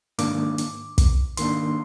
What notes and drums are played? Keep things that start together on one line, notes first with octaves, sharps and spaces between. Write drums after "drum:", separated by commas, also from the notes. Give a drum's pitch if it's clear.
G#2 D#3 A#3 D4 D6, drum: hi-hat
drum: hi-hat
drum: kick, hi-hat
G#2 D#3 A#3 D4 C6, drum: hi-hat